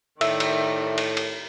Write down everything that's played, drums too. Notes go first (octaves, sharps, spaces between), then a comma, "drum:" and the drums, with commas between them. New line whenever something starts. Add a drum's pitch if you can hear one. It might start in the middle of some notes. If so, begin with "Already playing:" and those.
A2 D#3 D5 E5, drum: cymbal
drum: cymbal
drum: cymbal
drum: cymbal